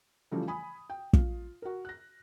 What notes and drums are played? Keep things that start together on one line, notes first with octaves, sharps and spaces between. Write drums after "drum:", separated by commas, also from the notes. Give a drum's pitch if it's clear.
C#3 E3 F3 G3 A3
G#5 B5 D#6
G5
F4, drum: kick
F#4 A#4
F#6 A#6